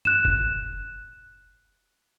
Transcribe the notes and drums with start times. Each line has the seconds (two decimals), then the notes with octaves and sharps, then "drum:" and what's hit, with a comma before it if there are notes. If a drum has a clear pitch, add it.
0.05 F#6 E7, drum: tom F#2
0.25 drum: kick